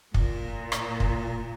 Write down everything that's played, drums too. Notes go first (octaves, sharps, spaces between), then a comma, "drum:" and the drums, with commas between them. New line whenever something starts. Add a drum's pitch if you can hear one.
A#2, drum: kick
drum: rim click
drum: kick